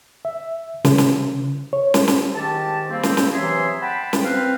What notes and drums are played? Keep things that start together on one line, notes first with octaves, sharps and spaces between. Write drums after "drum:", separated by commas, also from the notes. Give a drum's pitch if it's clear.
E5
C#3, drum: snare
drum: snare
C#5
drum: snare
drum: snare
G#2 D#3 G4 A5
F3 G3 A#3 C4
drum: snare
drum: snare
C3 E3 F#3 G#4 E5 C6
F#5 G5 A5 B5
drum: snare
C4 B4 F5